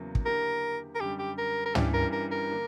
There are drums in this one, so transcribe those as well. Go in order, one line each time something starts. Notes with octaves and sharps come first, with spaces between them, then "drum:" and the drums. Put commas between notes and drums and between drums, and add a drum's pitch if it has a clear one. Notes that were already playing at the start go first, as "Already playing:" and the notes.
Already playing: E2 C#3 F#3 A#3 E4
drum: kick
D3 A#3 E4 G4 A#4
A#4
F#2 D3 G3 G4
G4
A#4
A#4
G2 E3 G3 C#4 G4, drum: tom
A#4
A#4
A#4
D3 A#3 D4